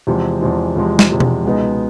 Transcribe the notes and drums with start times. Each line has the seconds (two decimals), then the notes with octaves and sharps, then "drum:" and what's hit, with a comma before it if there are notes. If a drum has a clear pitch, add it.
0.07 E2 C3 F3 G#3
0.41 E2 C3 F3 G#3
0.76 E2 C3 F3 G#3
0.99 drum: snare
1.10 E2 C3 F3 G#3
1.20 drum: tom B2
1.45 C#2 B2 G#3 B3 D#4